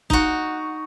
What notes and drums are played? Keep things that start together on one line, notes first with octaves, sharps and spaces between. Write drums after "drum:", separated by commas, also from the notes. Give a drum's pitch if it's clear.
D#4 F#4, drum: kick